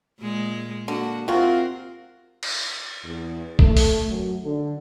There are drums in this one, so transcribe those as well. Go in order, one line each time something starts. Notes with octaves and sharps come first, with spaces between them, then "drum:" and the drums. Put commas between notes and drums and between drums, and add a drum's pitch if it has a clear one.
A#2 G#3
D3 A#3 F#4
C3 C4 F4 F#4 A#4
drum: cymbal
E2
A3, drum: kick
drum: open hi-hat
F#2
D3